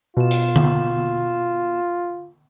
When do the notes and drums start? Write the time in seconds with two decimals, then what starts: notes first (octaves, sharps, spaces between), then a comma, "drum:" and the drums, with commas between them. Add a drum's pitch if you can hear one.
0.17 B2 F4 E7
0.31 drum: hi-hat
0.56 drum: tom D3